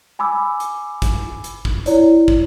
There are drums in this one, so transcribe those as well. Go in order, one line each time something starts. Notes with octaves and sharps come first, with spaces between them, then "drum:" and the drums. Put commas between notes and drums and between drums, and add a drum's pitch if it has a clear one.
G#5 B5 D6 E6
drum: hi-hat
drum: kick, hi-hat
drum: hi-hat
drum: kick
E4 C#5 D5, drum: hi-hat
drum: kick